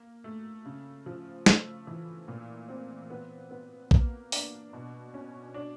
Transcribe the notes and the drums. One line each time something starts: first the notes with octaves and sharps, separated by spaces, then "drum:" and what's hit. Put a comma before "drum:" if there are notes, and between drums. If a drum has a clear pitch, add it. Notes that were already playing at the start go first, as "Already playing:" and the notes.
Already playing: A#3
A3
C#3
F3
A3, drum: snare
E3
A#2
C4
B3
B3
A#3, drum: kick
D4, drum: open hi-hat
B2
C#4
D4